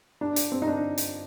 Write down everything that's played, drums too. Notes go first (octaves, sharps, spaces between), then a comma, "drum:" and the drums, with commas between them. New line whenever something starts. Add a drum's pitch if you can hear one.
D4
drum: hi-hat
C4
D#4
D4
drum: hi-hat